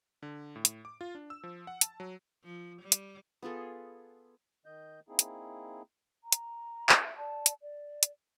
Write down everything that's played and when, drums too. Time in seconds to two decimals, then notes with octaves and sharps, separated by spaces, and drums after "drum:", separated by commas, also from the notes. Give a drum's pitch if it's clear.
0.22 D3
0.56 A2
0.65 drum: hi-hat
0.85 D6
1.01 F4
1.15 D4
1.30 E6
1.43 F3
1.67 F#5
1.81 A5, drum: hi-hat
2.00 F#3
2.44 F3
2.82 G3
2.92 drum: hi-hat
3.42 B3 F4 G#4 A4
4.66 D#3 D#5 G6
5.09 A#3 C4 D#4 E4 G#4
5.19 drum: hi-hat
6.23 A#5
6.32 drum: hi-hat
6.89 drum: clap
7.01 E5
7.18 D5 A5
7.46 drum: hi-hat
7.60 D5
8.03 drum: hi-hat